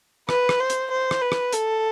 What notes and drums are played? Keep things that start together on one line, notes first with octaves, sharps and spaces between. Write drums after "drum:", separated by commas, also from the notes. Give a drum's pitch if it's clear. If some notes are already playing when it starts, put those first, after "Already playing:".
B4, drum: rim click
drum: rim click
C5
drum: hi-hat
C5
drum: rim click
B4
drum: rim click
A4, drum: hi-hat